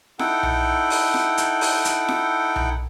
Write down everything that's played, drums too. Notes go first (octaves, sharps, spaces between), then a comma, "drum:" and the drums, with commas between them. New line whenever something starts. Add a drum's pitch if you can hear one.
D#4 E4 A4 F#5 G5, drum: snare F4
drum: tom B1
drum: open hi-hat
drum: snare F4
drum: hi-hat
drum: open hi-hat
drum: hi-hat
drum: snare F4
drum: tom B1